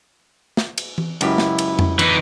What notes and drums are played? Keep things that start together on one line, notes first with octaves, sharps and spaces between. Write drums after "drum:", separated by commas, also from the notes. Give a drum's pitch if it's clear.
drum: snare
drum: cymbal
drum: tom E3
C#2 F#2 E4 G4, drum: cymbal
drum: snare
drum: cymbal
drum: tom F2
E3 D#4, drum: cymbal